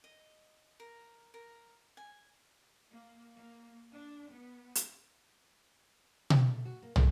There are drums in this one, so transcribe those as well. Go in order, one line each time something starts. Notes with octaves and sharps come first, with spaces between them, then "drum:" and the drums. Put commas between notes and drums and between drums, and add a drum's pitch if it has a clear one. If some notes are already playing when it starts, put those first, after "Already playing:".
D#5
A#4
A#4
G#5
A#3
A#3
D4
B3
drum: hi-hat
F#4, drum: tom B2
A3
F#4
A#3
G#3, drum: tom